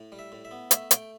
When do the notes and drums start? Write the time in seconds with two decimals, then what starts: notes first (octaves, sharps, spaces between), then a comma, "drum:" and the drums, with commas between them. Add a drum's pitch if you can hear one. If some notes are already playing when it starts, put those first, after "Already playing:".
Already playing: A2
0.12 G3
0.19 E5
0.32 A2
0.45 E5
0.51 B3
0.71 A3 E5, drum: hi-hat
0.91 A3 G5, drum: hi-hat